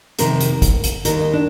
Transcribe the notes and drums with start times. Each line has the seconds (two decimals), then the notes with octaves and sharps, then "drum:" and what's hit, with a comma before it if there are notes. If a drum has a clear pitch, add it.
0.19 F2 C3 D#3 A#4, drum: hi-hat
0.40 drum: hi-hat
0.62 drum: kick, hi-hat
0.84 drum: hi-hat
1.05 D#2 D#3 A#4, drum: hi-hat
1.20 D#4
1.33 D4